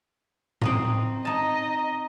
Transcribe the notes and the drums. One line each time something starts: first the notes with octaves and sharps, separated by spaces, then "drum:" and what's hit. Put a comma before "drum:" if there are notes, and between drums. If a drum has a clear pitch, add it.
C4 D#5 A#5, drum: tom A2
D#4 D#5 A5